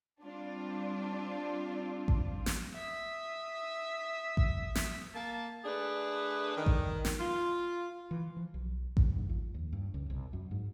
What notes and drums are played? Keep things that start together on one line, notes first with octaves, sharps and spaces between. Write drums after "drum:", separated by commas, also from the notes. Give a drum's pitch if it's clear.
G3 C4 D4 F4
drum: kick A1
drum: snare
E5 D#6
drum: kick A1
drum: snare
A#3 A5
A3 D4 G#4 B4
D#3
drum: kick A1
drum: snare
F4
E3
F3
B1
D2, drum: kick A1
G#2
F2
D#2
G2
C#2
C2
F#2
G#2